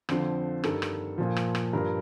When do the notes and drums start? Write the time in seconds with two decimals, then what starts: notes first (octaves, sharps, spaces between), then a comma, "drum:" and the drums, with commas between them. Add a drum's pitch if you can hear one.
0.09 F2 D3 F3 C5, drum: rim click
0.64 G2 D#3 A4, drum: rim click
0.82 drum: rim click
1.18 A#2 F3
1.36 drum: rim click
1.55 drum: rim click
1.73 G2 F3 A#4